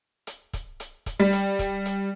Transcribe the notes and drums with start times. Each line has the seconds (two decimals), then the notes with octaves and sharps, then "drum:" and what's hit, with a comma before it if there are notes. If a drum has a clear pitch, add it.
0.27 drum: hi-hat
0.53 drum: kick, hi-hat
0.80 drum: hi-hat
1.06 drum: kick, hi-hat
1.19 G3
1.33 drum: hi-hat
1.59 drum: kick, hi-hat
1.86 drum: hi-hat